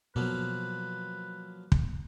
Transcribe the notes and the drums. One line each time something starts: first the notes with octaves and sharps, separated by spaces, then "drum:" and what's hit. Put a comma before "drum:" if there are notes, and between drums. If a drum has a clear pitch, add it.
B2 F3 F#3 A#3 B4
drum: kick